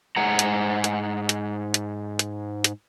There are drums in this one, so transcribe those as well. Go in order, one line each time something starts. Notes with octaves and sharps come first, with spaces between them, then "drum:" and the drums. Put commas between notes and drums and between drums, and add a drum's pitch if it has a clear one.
G#2 G#4 F#5 A#5
drum: hi-hat
drum: hi-hat
drum: hi-hat
drum: hi-hat
drum: hi-hat
drum: hi-hat